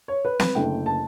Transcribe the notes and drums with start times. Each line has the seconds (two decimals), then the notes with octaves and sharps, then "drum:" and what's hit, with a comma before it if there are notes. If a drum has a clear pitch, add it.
0.08 C#5
0.25 B4
0.40 B4, drum: snare
0.55 F#1 F#2 D3 A3 E4 G5
0.86 A5